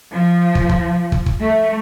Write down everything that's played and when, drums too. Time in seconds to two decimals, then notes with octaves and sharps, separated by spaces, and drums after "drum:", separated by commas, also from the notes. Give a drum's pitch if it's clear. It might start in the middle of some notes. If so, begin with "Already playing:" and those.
0.11 F3
0.55 drum: kick
0.69 drum: kick
1.12 drum: kick
1.26 drum: kick
1.40 A3